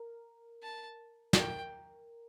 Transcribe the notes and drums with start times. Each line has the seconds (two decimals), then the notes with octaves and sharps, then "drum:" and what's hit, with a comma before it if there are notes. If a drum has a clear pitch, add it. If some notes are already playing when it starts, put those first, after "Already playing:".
Already playing: A#4
0.63 A5
1.33 A4, drum: snare
1.38 A#4 G5